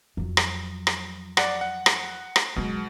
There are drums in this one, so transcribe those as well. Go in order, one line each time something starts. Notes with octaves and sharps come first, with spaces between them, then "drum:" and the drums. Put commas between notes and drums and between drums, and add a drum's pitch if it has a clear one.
F2 F#3
drum: rim click
drum: rim click
D5 F#5, drum: rim click
F#5
drum: rim click
drum: rim click
B2 F#3 G#3